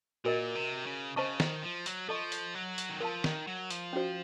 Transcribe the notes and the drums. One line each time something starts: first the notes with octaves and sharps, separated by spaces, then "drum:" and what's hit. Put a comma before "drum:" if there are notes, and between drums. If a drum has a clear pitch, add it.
A#2 F#4 A#4 D#5
C3
C#3
C#3 C5 D#5 A5 C#6
D#3, drum: snare
F3
F#3, drum: hi-hat
F3 A4 D#5 A5 C#6
drum: hi-hat
F#3
drum: hi-hat
D#3
F3 A#4 F5 A5
D#3, drum: snare
F#3
F3, drum: hi-hat
C#4 F#4 C5